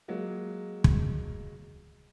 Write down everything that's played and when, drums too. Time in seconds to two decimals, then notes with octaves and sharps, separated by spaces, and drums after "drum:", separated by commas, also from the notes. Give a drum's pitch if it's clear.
0.08 F#3 G#3 A#3
0.84 drum: kick